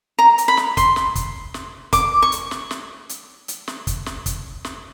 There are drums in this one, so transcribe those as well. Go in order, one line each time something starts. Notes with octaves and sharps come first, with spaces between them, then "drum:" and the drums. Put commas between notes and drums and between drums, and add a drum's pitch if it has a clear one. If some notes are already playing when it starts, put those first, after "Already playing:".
A#5
drum: hi-hat
B5
drum: snare
C6, drum: kick, hi-hat
drum: snare
drum: kick, hi-hat
drum: snare
D6, drum: kick, hi-hat
C#6
drum: hi-hat
drum: snare
drum: snare
drum: hi-hat
drum: hi-hat
drum: snare
drum: kick, hi-hat
drum: snare
drum: kick, hi-hat
drum: snare